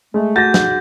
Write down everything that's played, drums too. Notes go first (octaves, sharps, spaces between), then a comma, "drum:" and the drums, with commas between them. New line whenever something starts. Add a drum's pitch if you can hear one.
G#3 A3
F#4 G#4 F#5 G6 A6 A#6
drum: snare